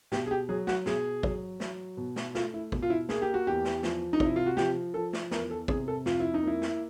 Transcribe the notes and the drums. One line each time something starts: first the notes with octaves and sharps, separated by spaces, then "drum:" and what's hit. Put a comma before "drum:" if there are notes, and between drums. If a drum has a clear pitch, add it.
B2 G4, drum: snare
G#4
G4
F#3 G#4
F#4, drum: snare
B2 G#4, drum: snare
F#3, drum: kick
F#3, drum: snare
B2
drum: snare
A3 F4, drum: snare
E4
B2, drum: kick
F4
E4
A#3 G#4, drum: snare
G4
F#4
E2 G4
drum: snare
F3, drum: snare
D#4
C3 E4, drum: kick
F4
F#4
F3 G4, drum: snare
F3 A4
drum: snare
E2 A#4, drum: snare
A4
C3 G#4, drum: kick
A4
F2 F4, drum: snare
E4
D#4
A#3 E4
drum: snare